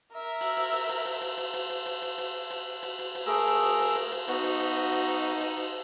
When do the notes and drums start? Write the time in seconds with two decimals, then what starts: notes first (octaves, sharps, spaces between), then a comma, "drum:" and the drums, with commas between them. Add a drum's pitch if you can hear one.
0.13 A#4 E5
0.41 drum: cymbal
0.57 drum: cymbal
0.73 drum: cymbal
0.89 drum: cymbal
1.05 drum: cymbal
1.22 drum: cymbal
1.38 drum: cymbal
1.54 drum: cymbal
1.70 drum: cymbal
1.86 drum: cymbal
2.02 drum: cymbal
2.18 drum: cymbal
2.51 drum: cymbal
2.83 drum: cymbal
2.99 drum: cymbal
3.15 drum: cymbal
3.27 A3 G#4 A#4 E6
3.47 drum: cymbal
3.64 drum: cymbal
3.80 drum: cymbal
3.96 drum: cymbal
4.12 drum: cymbal
4.28 B3 D#4 F#4, drum: cymbal
4.44 drum: cymbal
4.60 drum: cymbal
4.76 drum: cymbal
4.93 drum: cymbal
5.09 drum: cymbal
5.41 drum: cymbal
5.57 drum: cymbal